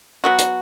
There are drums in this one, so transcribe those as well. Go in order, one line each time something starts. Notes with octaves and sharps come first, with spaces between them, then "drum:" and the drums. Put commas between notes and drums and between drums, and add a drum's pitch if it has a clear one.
F#3 B3 F#4
drum: hi-hat